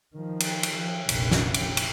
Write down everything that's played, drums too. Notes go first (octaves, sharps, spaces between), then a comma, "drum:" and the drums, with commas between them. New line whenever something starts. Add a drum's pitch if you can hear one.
D#3 F3
drum: cymbal
drum: cymbal
F3
F1 A#1, drum: cymbal
drum: snare
drum: cymbal
drum: cymbal